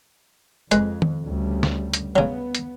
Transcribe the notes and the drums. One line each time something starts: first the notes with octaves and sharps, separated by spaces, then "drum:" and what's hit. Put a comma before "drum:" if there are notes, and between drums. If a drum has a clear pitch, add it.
F2 G#3 B4, drum: hi-hat
drum: tom D#3
D2 C#3 G3
drum: snare
drum: hi-hat
C#3 F#3 B3
drum: hi-hat